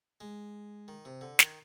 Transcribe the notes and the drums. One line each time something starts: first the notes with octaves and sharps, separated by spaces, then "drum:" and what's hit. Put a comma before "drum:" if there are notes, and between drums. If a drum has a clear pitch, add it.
G#3
D#3
C3
D3
D#3, drum: snare